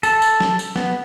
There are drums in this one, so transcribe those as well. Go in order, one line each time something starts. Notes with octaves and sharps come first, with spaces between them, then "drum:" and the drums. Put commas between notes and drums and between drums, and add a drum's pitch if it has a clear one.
A4, drum: tambourine
drum: tambourine
drum: snare
drum: tambourine
B3, drum: snare